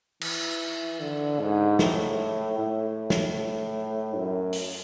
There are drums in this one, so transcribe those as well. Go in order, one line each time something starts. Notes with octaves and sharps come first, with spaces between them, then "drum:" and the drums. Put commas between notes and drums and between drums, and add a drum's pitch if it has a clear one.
E3, drum: cymbal
D3
G#2
A2, drum: snare
A2
drum: snare
F#2
drum: open hi-hat